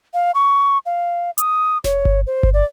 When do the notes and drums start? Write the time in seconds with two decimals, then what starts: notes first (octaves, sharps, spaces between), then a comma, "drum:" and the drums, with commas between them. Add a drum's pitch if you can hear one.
0.14 F5
0.35 C#6
0.86 F5
1.38 D#6, drum: hi-hat
1.84 C#5, drum: snare F1
2.05 drum: kick G1
2.27 C5
2.43 drum: kick G1
2.54 D5